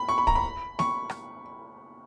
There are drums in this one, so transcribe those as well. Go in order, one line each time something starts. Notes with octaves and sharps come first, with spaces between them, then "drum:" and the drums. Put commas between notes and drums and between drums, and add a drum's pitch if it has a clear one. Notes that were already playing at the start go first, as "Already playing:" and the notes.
Already playing: B5
C#6
B5
A#5, drum: kick
B5
C#6, drum: snare
drum: rim click